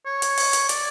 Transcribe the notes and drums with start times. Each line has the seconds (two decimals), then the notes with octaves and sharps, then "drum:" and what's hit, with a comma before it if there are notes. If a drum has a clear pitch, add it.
0.06 C#5
0.22 drum: hi-hat
0.38 drum: open hi-hat
0.53 drum: hi-hat
0.69 D5, drum: hi-hat